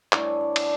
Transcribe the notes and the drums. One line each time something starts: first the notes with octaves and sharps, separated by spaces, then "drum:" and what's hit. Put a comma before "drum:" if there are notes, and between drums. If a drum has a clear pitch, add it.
A2 E3 G3 D4 C#5, drum: clap
D5
drum: cymbal